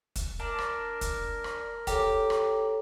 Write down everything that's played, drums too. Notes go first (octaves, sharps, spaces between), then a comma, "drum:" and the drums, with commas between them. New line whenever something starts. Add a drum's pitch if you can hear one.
drum: kick, hi-hat
D4 A#4
drum: rim click
drum: kick, hi-hat
drum: rim click
G4 A4 C#5 A#5, drum: kick, hi-hat
drum: rim click